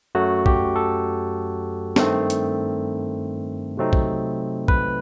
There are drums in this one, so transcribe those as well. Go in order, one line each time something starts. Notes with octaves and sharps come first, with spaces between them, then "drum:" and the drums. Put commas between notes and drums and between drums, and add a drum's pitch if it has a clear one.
F#2 F#3 A3 F#4
G4, drum: kick
A4
G2 D#3 A3 C4, drum: snare
drum: hi-hat
C3 F#3 A3 C4 D#4
drum: kick
B4, drum: kick